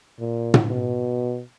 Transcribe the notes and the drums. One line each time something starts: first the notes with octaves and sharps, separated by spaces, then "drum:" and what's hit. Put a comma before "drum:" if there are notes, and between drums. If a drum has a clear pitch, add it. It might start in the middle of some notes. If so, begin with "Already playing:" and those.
A#2
drum: tom
B2